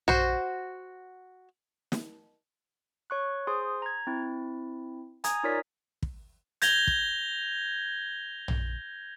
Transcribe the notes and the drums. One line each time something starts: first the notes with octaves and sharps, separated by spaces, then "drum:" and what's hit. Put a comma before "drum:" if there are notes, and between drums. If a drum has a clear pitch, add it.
F#4 C5, drum: tom A#1
drum: snare
C#5 C#6 F#6
G#4 C5 C6 D#6
A#5 G#6
C4 E4
G#5 A#5 D#6 G#6, drum: hi-hat
D#4 F4 A#4 C#5 D5 B6
drum: kick
G6 G#6 A#6 F7 G7, drum: hi-hat
drum: kick
drum: tom A#1